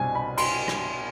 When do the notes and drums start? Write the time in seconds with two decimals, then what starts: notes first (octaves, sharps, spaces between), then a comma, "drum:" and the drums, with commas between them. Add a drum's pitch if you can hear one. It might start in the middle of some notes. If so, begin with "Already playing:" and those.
Already playing: C2 B2 G3 C4 G#5
0.15 B5
0.38 C6, drum: cymbal
0.68 drum: rim click